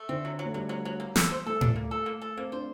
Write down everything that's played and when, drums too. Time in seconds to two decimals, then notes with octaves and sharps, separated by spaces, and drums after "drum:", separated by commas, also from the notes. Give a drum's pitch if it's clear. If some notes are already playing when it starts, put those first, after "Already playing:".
Already playing: A3
0.09 D3 C4
0.25 F#3
0.39 F#3
0.45 A3
0.54 F#3 G3
0.69 F#3
0.85 F#3
1.00 A#3
1.16 A4, drum: snare
1.31 C5
1.46 A3 A4
1.61 D4, drum: tom A2
1.76 A#3
1.91 A4
2.06 A#3
2.21 A4
2.37 A#3 C4
2.52 D4 C5